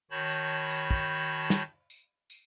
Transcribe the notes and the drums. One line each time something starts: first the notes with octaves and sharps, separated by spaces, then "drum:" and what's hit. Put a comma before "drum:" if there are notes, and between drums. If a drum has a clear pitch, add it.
D#3 F#4 C#5 A5 B5 G6
drum: tambourine
drum: tambourine
drum: kick
drum: snare
drum: tambourine
drum: tambourine